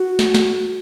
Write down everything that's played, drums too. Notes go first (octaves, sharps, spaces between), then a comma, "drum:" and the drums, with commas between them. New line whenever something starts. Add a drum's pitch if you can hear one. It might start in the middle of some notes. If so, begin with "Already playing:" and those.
Already playing: F#4
drum: snare
drum: snare